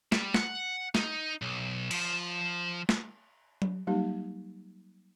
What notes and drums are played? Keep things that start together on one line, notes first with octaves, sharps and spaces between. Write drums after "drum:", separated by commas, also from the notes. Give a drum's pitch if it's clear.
G3, drum: snare
F#5, drum: snare
D#4, drum: snare
B1
F3, drum: cymbal
drum: snare
drum: tom F#3
F#3 G3 A#3 D#4 G4